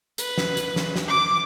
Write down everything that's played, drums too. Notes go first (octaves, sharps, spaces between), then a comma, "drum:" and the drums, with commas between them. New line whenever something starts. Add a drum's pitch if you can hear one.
B4, drum: hi-hat
drum: snare
drum: hi-hat
drum: snare
drum: snare
D6